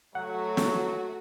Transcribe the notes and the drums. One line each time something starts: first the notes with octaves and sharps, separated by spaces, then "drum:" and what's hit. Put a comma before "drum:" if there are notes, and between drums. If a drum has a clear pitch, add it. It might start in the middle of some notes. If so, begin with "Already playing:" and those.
F#3 A3 F#4 F#5
drum: snare